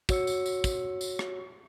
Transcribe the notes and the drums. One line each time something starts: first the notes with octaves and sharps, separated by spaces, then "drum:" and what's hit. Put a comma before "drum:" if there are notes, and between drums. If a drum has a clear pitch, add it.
F#4 C#5 E6 C#7, drum: kick, tambourine
drum: tambourine
drum: tambourine
drum: kick, tambourine
drum: tambourine
drum: rim click